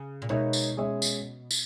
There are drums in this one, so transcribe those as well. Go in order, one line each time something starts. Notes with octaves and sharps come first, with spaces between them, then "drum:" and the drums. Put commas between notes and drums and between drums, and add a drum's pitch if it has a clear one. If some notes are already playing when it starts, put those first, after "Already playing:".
Already playing: C#3
A#2
B2 G#3 D#4 A#4 C#5 E5
drum: tambourine
G#3 C#4 G#4 C#5 E5
drum: tambourine
drum: tambourine